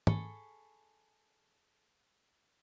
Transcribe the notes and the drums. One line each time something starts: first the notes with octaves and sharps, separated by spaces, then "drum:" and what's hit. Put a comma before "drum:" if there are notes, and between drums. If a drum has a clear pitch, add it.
G#4 A4 B5 C#6, drum: tom